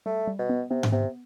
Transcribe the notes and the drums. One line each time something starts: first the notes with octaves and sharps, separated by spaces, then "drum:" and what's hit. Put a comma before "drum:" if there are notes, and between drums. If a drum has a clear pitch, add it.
G3 A3
G3
B2
B3
C3 B3
drum: tom G#2
C3 B3